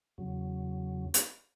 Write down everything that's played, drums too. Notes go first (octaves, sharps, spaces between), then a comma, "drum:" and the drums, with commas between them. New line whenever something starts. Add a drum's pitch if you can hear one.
E2 C#3 F#3
drum: hi-hat